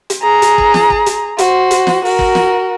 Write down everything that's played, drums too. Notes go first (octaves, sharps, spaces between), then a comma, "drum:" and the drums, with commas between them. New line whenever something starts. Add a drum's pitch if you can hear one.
drum: hi-hat
G#4 A#5
drum: hi-hat
drum: kick
drum: snare
drum: kick
drum: hi-hat
F#4 C5, drum: hi-hat
drum: hi-hat
drum: snare
F#4 A#4, drum: open hi-hat
drum: kick
drum: snare